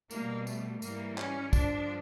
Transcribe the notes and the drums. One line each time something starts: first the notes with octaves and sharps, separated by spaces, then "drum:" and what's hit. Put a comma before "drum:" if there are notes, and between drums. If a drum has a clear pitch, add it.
B2 G3 A#3, drum: tambourine
A3, drum: tambourine
G#2 E3 G3 A#3, drum: tambourine
C#4, drum: clap
G2 D3 F3 D4, drum: kick, tambourine